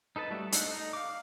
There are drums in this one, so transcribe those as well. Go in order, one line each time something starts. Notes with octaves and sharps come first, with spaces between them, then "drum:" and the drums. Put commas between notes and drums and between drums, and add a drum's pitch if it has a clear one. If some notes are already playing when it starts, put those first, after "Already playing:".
D#4 A4 B4 A5
G3 A3 F#4 E5
D4 D#4 A4 F#5, drum: hi-hat
D#4
F5 D6